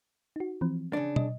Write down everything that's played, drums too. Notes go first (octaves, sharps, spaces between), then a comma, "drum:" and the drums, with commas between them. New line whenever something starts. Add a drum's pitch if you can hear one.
D#4 F#4
E3 F3 C4
C#3 D4
D#5, drum: tom